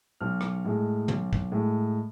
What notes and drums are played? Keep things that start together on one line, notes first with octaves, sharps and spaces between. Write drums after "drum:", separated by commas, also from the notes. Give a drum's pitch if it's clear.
B1 F6
drum: rim click
A2 G#3
B1, drum: tom
drum: kick
A2 G#3